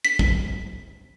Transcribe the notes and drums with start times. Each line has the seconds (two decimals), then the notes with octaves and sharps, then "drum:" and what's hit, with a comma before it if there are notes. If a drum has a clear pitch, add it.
0.05 B6
0.19 drum: kick